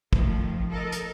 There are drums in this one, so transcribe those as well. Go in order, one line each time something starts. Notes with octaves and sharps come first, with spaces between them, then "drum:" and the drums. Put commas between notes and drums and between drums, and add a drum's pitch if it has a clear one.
D#3 F3 A3, drum: kick
A4 A#4 D#5
drum: hi-hat